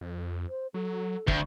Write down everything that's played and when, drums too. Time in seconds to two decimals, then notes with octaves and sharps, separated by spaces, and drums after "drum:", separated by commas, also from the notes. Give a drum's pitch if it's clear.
0.01 F2
0.49 C5
0.74 F#3 A4
1.28 F1 D2, drum: kick